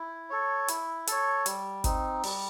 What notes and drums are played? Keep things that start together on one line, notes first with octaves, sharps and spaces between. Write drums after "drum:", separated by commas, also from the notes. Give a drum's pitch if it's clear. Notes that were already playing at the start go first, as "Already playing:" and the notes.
Already playing: E4
A4 C#5
E4, drum: hi-hat
A4 C#5, drum: hi-hat
G3, drum: hi-hat
C4 D#4, drum: kick G1, hi-hat
G3, drum: open hi-hat